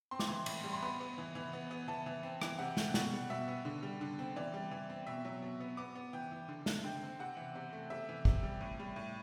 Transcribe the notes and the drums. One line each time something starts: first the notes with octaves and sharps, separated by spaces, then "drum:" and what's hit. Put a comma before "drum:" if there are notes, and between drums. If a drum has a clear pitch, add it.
C4 C6
D6, drum: snare
E3 C6
A2, drum: cymbal
G3
C6
B3 B5
B3
E3
E3
B3
B3
E3 A5
E3
C4
E3, drum: rim click
C3 F#5
A3, drum: snare
B2 F#5, drum: snare
G3
B2 E5
B3
D3
G3
D3
C4
E3 D5
G3
E3
C4
B2 E5
F#3
B2
B3
B3 D6
B3
E3 G5
E3
D3
A3, drum: snare
D3 G5
C4
C3 F#5
E3
C3
A3
C3 E5
E3
C3, drum: kick
G3
A2
G3
A2